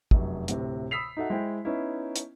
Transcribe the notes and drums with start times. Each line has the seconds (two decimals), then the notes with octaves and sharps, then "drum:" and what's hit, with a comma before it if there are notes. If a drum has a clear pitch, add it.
0.11 F1 F#2, drum: kick
0.48 D2 A2 C3, drum: hi-hat
0.91 B5 D#6 E6 B6 C7 F7
1.17 D#4 F#4 A4 E5 F#5
1.30 G#3 E4 C5 G5
1.65 B3 C#4 D#4 E4
2.16 drum: hi-hat